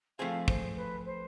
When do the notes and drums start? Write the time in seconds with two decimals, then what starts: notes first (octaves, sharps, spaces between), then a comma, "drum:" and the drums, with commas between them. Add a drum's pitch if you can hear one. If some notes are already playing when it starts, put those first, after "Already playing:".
0.19 F3 A3 C4 F4 G#4 F5
0.48 C5, drum: kick
0.76 B4
1.06 C5